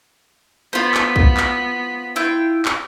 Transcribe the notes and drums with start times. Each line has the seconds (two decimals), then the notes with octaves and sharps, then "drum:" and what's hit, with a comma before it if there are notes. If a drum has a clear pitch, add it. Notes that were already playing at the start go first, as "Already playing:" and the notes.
0.73 B3 F4 C5 B6
0.94 drum: clap
1.16 drum: kick
1.37 drum: clap
2.16 E4 F4 G5
2.65 drum: clap